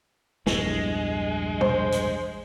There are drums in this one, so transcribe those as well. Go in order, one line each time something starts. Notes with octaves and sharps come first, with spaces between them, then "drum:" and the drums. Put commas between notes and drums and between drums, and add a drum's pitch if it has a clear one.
A#1 E2 G2 G#3, drum: snare
C5, drum: tom B2
drum: hi-hat